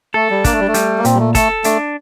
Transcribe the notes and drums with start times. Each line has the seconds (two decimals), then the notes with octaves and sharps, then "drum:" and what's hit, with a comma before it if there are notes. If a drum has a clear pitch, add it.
0.14 A3 A4
0.30 G3
0.44 A#3 D4, drum: kick, hi-hat
0.53 A3
0.59 G3
0.68 A3
0.74 G3, drum: hi-hat
0.98 A#3
1.05 A#2 C4, drum: hi-hat
1.14 G3
1.19 A3
1.35 A3 A4, drum: kick, hi-hat
1.64 A3 D4, drum: hi-hat